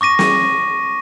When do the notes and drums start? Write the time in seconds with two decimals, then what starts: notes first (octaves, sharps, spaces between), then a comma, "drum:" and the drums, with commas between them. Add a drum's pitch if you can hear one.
0.01 C#6 D6 A#6 D#7
0.19 drum: snare